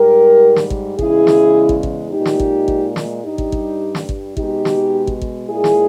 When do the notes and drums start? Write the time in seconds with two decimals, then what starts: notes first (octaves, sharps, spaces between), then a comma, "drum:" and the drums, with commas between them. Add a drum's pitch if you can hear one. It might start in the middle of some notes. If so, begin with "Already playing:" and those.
Already playing: G#2 G3 G4 A#4
0.56 drum: snare
0.70 drum: kick
0.99 E2 C#3 G#3 E4 G#4, drum: kick
1.27 drum: snare
1.69 drum: kick
1.83 drum: kick
2.11 A#2 G#3 D#4 G4
2.25 drum: snare
2.40 drum: kick
2.68 drum: kick
2.96 drum: snare
3.24 G2 G3 D#4 G4
3.38 drum: kick
3.52 drum: kick
3.95 drum: snare
4.09 drum: kick
4.37 B2 G#3 D#4 G4, drum: kick
4.65 drum: snare
5.07 drum: kick
5.22 drum: kick
5.49 A#2 G#3 E4 G#4
5.64 drum: snare